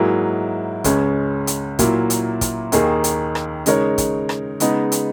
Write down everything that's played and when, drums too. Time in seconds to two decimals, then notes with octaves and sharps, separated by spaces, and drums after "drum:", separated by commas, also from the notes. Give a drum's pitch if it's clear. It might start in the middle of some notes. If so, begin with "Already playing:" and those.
Already playing: G#2 F#3 A#3 E4 G#4
0.84 C#2 C#3 G#3 C#4, drum: kick, hi-hat
1.47 drum: hi-hat
1.79 A#2 F#3 A#3 E4, drum: kick, hi-hat
2.10 drum: hi-hat
2.41 drum: kick, hi-hat
2.72 D#2 D#3 A#3 D#4 G#4, drum: hi-hat
3.04 drum: hi-hat
3.35 drum: rim click
3.66 C#3 G#3 D#4 A#4 C#5, drum: hi-hat
3.98 drum: kick, hi-hat
4.29 drum: rim click
4.60 C#3 G#3 B3 D#4, drum: hi-hat
4.92 drum: hi-hat